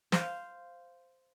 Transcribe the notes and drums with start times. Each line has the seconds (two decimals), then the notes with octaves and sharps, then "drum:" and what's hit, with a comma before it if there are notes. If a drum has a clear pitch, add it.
0.12 C5 F5, drum: snare